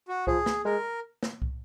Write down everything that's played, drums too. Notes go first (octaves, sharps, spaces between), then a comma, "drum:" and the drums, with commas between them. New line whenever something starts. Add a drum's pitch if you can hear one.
F#4
F3 G#4, drum: kick C2
drum: snare
G#3 A#4
drum: snare
drum: kick C2